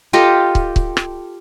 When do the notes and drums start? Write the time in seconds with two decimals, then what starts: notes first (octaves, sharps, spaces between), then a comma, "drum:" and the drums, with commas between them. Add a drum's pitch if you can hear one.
0.13 F4 G4 A4 D#5
0.55 drum: kick
0.76 drum: kick
0.97 drum: rim click